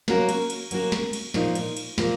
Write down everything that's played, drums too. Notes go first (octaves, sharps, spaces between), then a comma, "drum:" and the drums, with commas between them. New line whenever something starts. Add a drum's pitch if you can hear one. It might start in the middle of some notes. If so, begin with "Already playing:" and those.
F#3 A#3 C#4 F#4 A#4, drum: snare
drum: cymbal
drum: cymbal
F#3 A#3 C#4 F#4 A#4, drum: cymbal
drum: snare
drum: cymbal
A#2 F3 A#3 D#4, drum: snare
drum: cymbal
drum: cymbal
A#2 F3 A#3, drum: snare